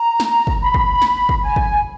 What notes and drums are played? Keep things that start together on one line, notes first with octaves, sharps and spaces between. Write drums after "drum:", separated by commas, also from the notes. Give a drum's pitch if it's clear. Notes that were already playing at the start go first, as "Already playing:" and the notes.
Already playing: A#5
drum: snare
drum: kick
B5
drum: kick
drum: snare
drum: kick
G#5
drum: kick